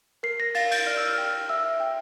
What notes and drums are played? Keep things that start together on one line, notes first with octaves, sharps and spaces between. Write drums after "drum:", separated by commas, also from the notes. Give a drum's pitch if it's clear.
A#4 C7
A#6
F5 A6, drum: cymbal
G6, drum: cymbal
D5 F6
E6
F6
G5
E5 E6
G5